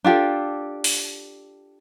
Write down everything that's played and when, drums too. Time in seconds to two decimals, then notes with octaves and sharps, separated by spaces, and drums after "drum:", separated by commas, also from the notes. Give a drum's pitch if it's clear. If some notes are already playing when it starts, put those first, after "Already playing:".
0.04 D4 F4 G4 A4
0.84 drum: open hi-hat